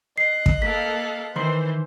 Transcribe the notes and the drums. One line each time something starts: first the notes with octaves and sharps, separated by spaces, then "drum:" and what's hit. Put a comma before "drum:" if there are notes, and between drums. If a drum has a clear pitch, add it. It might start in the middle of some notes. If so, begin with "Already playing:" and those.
D#5 F#6 C7
drum: kick
A#3 A4 F5 B6
D#3 E3 C5 C6